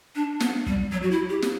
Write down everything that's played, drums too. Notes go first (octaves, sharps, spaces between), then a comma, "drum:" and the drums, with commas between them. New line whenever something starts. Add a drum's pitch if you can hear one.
D4
B3, drum: snare
G3, drum: kick
F#3
F#4
E4
G4
drum: snare